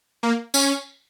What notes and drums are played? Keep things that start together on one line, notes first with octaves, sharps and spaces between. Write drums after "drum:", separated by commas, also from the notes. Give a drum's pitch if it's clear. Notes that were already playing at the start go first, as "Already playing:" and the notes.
A#3
C#4, drum: tambourine